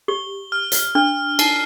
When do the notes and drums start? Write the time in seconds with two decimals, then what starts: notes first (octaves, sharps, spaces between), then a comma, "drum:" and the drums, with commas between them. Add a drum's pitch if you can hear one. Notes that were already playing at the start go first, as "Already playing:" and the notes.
0.08 G4 G7
0.52 F6
0.72 drum: hi-hat
0.95 D4 F6
1.39 D#4 C7, drum: cymbal